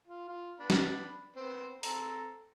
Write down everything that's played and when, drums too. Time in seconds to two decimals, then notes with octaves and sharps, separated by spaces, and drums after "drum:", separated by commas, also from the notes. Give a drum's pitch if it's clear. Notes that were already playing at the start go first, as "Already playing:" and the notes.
0.07 F4
0.28 F4
0.60 B3 D4 B5
0.70 drum: snare
1.36 B3 C4 C5
1.83 C4 A4 A#5, drum: open hi-hat